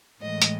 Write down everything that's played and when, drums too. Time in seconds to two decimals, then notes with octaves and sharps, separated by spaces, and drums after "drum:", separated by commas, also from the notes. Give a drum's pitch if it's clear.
0.21 A2 E3 G#3 D#5
0.42 drum: hi-hat